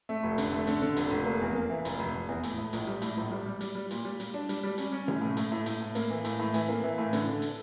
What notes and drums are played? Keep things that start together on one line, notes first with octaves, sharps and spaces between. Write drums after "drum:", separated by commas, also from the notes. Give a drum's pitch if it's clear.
A3
F1
D3, drum: hi-hat
A3
D3, drum: hi-hat
D3
F1, drum: hi-hat
F1
A#3
E2
A#3
E3
F1, drum: hi-hat
F1
F1
E2
A2, drum: hi-hat
A2
A#1, drum: hi-hat
G3
A2, drum: hi-hat
A#1
G3
G3
G3, drum: hi-hat
G3
A#2, drum: hi-hat
G3
G3, drum: hi-hat
D4
G3, drum: hi-hat
G3
C#4, drum: hi-hat
C#4
A2, drum: tom C3
A2
A2, drum: hi-hat
A2
A2, drum: hi-hat
A2
A#3, drum: hi-hat
E3
A2, drum: hi-hat
A2
E3, drum: hi-hat
A#3
E3
A2
D3, drum: hi-hat
D3
drum: hi-hat